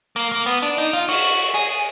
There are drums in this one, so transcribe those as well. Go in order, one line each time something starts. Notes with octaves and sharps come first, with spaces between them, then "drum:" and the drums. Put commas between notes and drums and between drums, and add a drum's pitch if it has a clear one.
A#3
A#3
B3
D4
D#4
F4
F#4, drum: open hi-hat
G#4